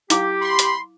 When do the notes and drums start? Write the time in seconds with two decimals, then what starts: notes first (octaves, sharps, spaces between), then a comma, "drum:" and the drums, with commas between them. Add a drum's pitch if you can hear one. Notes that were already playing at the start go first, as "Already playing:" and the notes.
0.10 E4 G4 F5 D6, drum: hi-hat
0.42 B5 C6
0.59 drum: hi-hat